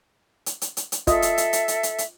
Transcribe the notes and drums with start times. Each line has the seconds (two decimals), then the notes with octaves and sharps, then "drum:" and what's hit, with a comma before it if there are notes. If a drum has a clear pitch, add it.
0.46 drum: hi-hat
0.62 drum: hi-hat
0.77 drum: hi-hat
0.92 drum: hi-hat
1.07 F4 A4 D#5 E5, drum: kick, hi-hat
1.22 drum: hi-hat
1.38 drum: hi-hat
1.53 drum: hi-hat
1.68 drum: hi-hat
1.83 drum: hi-hat
1.98 drum: hi-hat